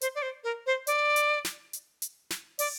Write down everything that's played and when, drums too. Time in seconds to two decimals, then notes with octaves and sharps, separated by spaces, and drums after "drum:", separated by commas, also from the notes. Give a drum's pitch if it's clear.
0.01 C5, drum: hi-hat
0.15 D5
0.22 C5
0.44 A#4
0.66 C5
0.87 D5, drum: hi-hat
1.16 drum: hi-hat
1.45 drum: snare
1.73 drum: hi-hat
2.02 drum: hi-hat
2.30 drum: snare
2.59 D5, drum: open hi-hat